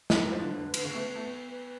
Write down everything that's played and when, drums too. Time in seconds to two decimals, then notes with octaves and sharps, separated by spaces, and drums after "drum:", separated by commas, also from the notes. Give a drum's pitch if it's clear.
0.10 G#3, drum: snare
0.21 F#3 B4
0.32 F3
0.42 D3
0.53 D3
0.74 D3, drum: cymbal
0.85 C#3
0.95 A3
1.06 B3
1.16 A3
1.26 B3
1.49 B4